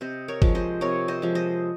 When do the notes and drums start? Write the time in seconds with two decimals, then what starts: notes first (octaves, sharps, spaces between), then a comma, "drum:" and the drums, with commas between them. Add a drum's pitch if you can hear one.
0.01 C3 C5 D#5
0.28 A#4 C#5
0.42 F3 G#3, drum: kick
0.55 C5 D#5
0.81 C3 A#4 C#5
1.08 C5 D#5
1.22 F3 G#3
1.35 C5 D#5